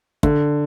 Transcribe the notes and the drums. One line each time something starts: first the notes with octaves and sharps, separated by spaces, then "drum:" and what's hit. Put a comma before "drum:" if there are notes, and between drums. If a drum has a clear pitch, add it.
D3, drum: kick